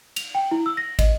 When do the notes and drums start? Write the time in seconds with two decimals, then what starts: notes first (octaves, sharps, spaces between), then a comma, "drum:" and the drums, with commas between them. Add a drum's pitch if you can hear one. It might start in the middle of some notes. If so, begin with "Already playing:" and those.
0.16 F7, drum: cymbal
0.35 G5
0.51 E4
0.66 E6
0.77 A#6
0.99 D#5, drum: kick, cymbal